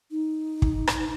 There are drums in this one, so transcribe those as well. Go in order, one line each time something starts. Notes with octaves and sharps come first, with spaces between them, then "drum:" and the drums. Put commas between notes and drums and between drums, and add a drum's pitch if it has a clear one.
D#4
drum: kick
drum: rim click